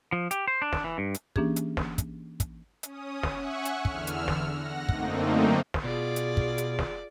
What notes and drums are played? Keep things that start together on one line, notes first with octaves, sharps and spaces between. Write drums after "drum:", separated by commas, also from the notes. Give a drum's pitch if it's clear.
F3
G4, drum: hi-hat
C5
D4
drum: snare
E3
G2
drum: hi-hat
E3 A#3 C#4 D4 G4 G#4, drum: kick
drum: hi-hat
drum: snare
drum: kick, hi-hat
drum: kick, hi-hat
C#4 D#6, drum: hi-hat
drum: snare
E5 F#5 G#5 C#6 F#6
drum: hi-hat
E2 D3 E6 F6, drum: kick
drum: hi-hat
drum: snare
F#5 A#6
F#2 D3 A3 A#3 C4 D#4, drum: kick
drum: snare
B2 F4 G#4 D5
drum: hi-hat
drum: kick
drum: hi-hat
drum: snare